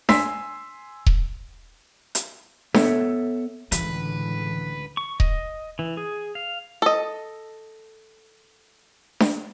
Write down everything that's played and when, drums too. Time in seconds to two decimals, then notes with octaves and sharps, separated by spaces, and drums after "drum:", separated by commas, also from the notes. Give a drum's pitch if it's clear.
0.09 G#5 C6 E6 B6, drum: snare D4
1.06 drum: kick D#1
2.15 drum: hi-hat
2.74 B3 A4 C#5 E5, drum: snare D4
3.72 C#2 A2 D3 E3 B4, drum: hi-hat
4.97 C#6
5.20 D#5, drum: kick D#1
5.79 E3
5.97 G#4
6.35 F5
6.82 A4 D#5
9.20 drum: snare D4